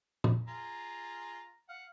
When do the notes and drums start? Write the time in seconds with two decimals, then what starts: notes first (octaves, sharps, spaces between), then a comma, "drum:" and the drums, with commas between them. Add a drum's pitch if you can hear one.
0.24 drum: tom
0.48 F4 G#4 A#5
1.69 F5 F#5